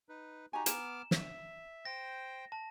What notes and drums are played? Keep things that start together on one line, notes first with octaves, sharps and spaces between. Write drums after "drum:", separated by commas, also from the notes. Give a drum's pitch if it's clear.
D#4 B4
D#4 F#4 G4 G#5 A#5
B3 D6 F6 E7, drum: hi-hat
E5, drum: snare
C5 G5 A#6
A5